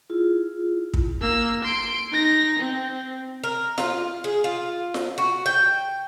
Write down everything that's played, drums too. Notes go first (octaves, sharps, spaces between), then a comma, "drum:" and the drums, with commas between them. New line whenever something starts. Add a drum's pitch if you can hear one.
E4 F4 G#4
drum: kick
A#3 E6
C6 D7
D#4 A#6
C4
A#4
F4, drum: snare F4
G#4
F4
drum: snare F4
F#4
G5